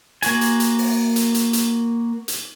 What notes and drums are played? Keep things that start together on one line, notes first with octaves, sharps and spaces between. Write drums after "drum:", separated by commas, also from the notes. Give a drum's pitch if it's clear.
A#3 F#4 G#5, drum: hi-hat
drum: hi-hat
drum: hi-hat
drum: open hi-hat
drum: hi-hat
drum: hi-hat
drum: hi-hat
drum: hi-hat